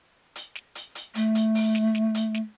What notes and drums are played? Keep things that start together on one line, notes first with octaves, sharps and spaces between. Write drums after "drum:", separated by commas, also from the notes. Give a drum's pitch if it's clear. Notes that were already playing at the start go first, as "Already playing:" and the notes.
drum: hi-hat
drum: snare
drum: hi-hat
drum: hi-hat
A3, drum: hi-hat
drum: hi-hat
drum: open hi-hat
drum: snare
drum: snare
drum: hi-hat
drum: snare